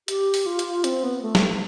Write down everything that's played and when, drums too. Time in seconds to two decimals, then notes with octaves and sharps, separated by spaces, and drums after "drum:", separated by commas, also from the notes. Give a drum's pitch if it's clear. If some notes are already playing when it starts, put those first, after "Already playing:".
0.08 G4, drum: hi-hat
0.34 drum: open hi-hat
0.46 F4
0.59 drum: hi-hat
0.84 C4, drum: hi-hat
1.03 B3
1.22 A3
1.35 drum: snare